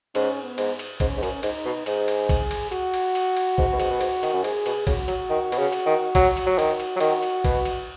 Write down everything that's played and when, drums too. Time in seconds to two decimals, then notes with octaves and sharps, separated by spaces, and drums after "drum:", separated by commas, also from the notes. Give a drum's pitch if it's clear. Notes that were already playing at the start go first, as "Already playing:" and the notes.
0.15 G#2 C#4, drum: cymbal
0.43 B3
0.58 G#2, drum: cymbal
0.79 drum: cymbal
1.00 G#2 C#4, drum: kick, cymbal
1.18 G#2
1.23 F#2, drum: cymbal
1.43 G#2 D#4, drum: cymbal
1.66 B2
1.86 G#2 G#4, drum: cymbal
2.08 drum: cymbal
2.29 drum: kick, cymbal
2.51 drum: cymbal
2.72 F#4, drum: cymbal
2.94 drum: cymbal
3.15 drum: cymbal
3.37 drum: cymbal
3.58 G#2, drum: kick
3.73 B2
3.79 G#2, drum: cymbal
3.91 B2
4.01 G#2, drum: cymbal
4.23 D#3, drum: cymbal
4.33 F#2
4.44 G#2 G#4, drum: cymbal
4.66 B2, drum: cymbal
4.87 C#3 F#4, drum: kick, cymbal
5.08 F#3, drum: cymbal
5.30 D#3
5.52 B2, drum: cymbal
5.58 C#3
5.72 drum: cymbal
5.86 D#3
6.15 F#3, drum: kick, cymbal
6.37 drum: cymbal
6.46 F#3
6.59 D#3, drum: cymbal
6.80 drum: cymbal
6.96 F#3
7.00 D#3 F#4, drum: cymbal
7.22 drum: cymbal
7.44 B2, drum: kick, cymbal
7.65 drum: cymbal